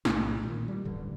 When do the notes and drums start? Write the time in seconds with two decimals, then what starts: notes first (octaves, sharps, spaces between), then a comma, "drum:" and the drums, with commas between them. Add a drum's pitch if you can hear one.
0.05 B1 A2 C3, drum: snare
0.43 A#2 D#3
0.68 G3
0.85 D1 A1 G2 D3